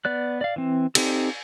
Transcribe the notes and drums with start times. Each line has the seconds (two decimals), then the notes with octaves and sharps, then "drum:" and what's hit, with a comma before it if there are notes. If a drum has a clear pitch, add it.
0.05 B3 D5 F#6
0.41 D5 F5
0.56 E3 C4
0.95 C4 D#4 G4 A4, drum: cymbal